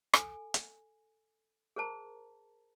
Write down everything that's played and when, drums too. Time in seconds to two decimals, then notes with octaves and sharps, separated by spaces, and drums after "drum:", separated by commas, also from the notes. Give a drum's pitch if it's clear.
0.14 A4 G#5, drum: rim click
0.54 drum: hi-hat
1.76 G#4 A#4 C5 A5 A#5